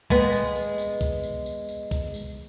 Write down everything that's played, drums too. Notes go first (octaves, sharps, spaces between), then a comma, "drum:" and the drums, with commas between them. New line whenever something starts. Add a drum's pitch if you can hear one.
G#3 B3, drum: kick
drum: tambourine
drum: tambourine
drum: tambourine
drum: kick, tambourine
drum: tambourine
drum: tambourine
drum: tambourine
drum: kick, tambourine
drum: tambourine